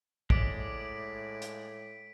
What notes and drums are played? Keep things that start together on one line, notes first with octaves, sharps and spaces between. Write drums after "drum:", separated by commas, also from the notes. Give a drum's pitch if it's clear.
A2 G#3 D5 B6 D7, drum: kick
drum: hi-hat